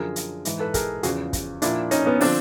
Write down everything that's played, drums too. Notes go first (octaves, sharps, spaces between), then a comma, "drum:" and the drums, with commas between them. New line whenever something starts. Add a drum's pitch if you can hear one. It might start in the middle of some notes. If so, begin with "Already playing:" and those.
Already playing: F#2 D3 F3 G#4 A#4
drum: hi-hat
G#2 E3, drum: hi-hat
A4 B4
G#4 A#4, drum: kick, hi-hat
E2 C#3 F3 F#4 G#4, drum: hi-hat
drum: kick, hi-hat
A#2 F3 D4 E4, drum: hi-hat
C#4 D#4, drum: hi-hat
B3 C#4
D3 F3 C4 D4, drum: open hi-hat